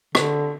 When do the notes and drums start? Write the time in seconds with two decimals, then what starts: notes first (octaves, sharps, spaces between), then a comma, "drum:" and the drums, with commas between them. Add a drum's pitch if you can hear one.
0.15 D3, drum: rim click